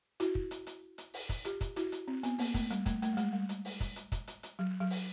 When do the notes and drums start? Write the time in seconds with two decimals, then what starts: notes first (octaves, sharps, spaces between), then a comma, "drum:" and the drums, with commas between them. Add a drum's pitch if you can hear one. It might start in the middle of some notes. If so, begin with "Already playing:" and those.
0.20 E4 F#4, drum: hi-hat
0.35 drum: kick
0.51 drum: hi-hat
0.67 drum: hi-hat
0.98 drum: hi-hat
1.14 drum: open hi-hat
1.29 drum: kick, hi-hat
1.45 F4 G4, drum: hi-hat
1.61 drum: kick, hi-hat
1.76 E4 F#4, drum: hi-hat
1.92 drum: hi-hat
2.08 C4
2.23 B3, drum: hi-hat
2.39 A#3, drum: open hi-hat
2.54 A3, drum: kick, hi-hat
2.71 G3, drum: hi-hat
2.86 A3, drum: kick, hi-hat
3.02 A3, drum: hi-hat
3.13 G3
3.17 G#3, drum: hi-hat
3.33 G3
3.49 drum: hi-hat
3.65 drum: open hi-hat
3.80 drum: kick, hi-hat
3.96 drum: hi-hat
4.12 drum: kick, hi-hat
4.27 drum: hi-hat
4.43 drum: hi-hat
4.59 F#3
4.80 F#3
4.90 drum: open hi-hat